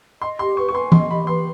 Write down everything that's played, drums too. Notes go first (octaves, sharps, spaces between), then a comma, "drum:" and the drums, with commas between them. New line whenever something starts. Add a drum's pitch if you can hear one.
D#5 C6
G4 C6
B4 C#6
C#6
G#5 C6
D#5 C6, drum: tom E3
G4 B5
B4 C6